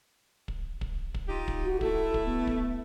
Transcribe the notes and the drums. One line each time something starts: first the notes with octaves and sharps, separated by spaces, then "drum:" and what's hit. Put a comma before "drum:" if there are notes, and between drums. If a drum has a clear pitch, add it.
drum: kick
drum: kick
drum: kick
D#4 F4 G4
drum: kick
F#4
A3 E4 A4, drum: kick
drum: kick
B3
drum: kick